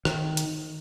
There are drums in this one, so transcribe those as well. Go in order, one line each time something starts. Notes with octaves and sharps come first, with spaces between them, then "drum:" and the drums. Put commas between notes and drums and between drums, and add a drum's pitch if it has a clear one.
D#3, drum: rim click
drum: hi-hat